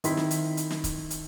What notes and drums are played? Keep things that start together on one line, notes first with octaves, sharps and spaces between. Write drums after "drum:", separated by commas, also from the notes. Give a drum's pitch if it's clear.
D#3 C4 E4 C6 B6, drum: hi-hat
drum: snare
drum: hi-hat
drum: hi-hat
drum: snare
drum: kick C#1, hi-hat
drum: hi-hat